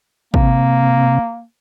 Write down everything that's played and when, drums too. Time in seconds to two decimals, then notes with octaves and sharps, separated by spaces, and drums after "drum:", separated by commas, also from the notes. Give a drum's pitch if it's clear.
0.34 C3 A#3, drum: kick